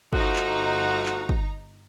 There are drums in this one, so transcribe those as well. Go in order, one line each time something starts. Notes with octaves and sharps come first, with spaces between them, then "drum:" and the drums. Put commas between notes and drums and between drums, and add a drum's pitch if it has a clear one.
G1 F3 A3 D#4 F#4 A#5, drum: kick
drum: clap
drum: clap
drum: kick